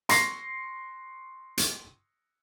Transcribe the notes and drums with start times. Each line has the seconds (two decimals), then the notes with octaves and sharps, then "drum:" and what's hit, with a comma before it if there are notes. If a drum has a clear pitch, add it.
0.09 C6 C#6 A#6 C7, drum: hi-hat
1.58 drum: hi-hat